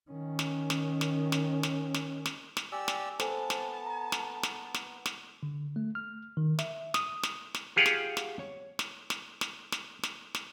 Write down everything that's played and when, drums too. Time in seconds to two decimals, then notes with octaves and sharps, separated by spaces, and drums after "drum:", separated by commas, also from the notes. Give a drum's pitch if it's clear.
0.11 D#3 C#4
0.39 drum: snare
0.70 drum: snare
1.01 drum: snare
1.32 drum: snare
1.63 drum: snare
1.94 drum: snare
2.26 drum: snare
2.57 drum: snare
2.72 G4 D5 G#5 E6
2.88 drum: snare
3.20 B3 A4 C5 G#5 A5, drum: snare
3.50 drum: snare
3.86 A#5
4.12 drum: snare
4.43 drum: snare
4.74 drum: snare
5.06 drum: snare
5.43 D3
5.76 A3
5.95 F6
6.37 D#3
6.59 E5, drum: snare
6.94 D#6, drum: snare
7.23 drum: snare
7.55 drum: snare
7.76 F4 G4 G#4 F5 F#5
7.86 drum: snare
8.17 drum: snare
8.39 C#5
8.79 drum: snare
9.10 drum: snare
9.41 drum: snare
9.72 drum: snare
10.03 drum: snare
10.35 drum: snare